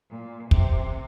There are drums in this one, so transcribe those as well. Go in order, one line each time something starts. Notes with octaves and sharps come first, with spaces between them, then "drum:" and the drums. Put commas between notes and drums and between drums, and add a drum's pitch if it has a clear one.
A#2
C3, drum: kick